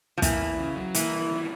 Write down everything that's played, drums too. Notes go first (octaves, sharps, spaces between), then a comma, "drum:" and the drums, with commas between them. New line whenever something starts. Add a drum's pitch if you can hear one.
F3
E3 A#3, drum: kick, hi-hat
E2
C#3
F#3
E3 A#3, drum: hi-hat
G2
D#3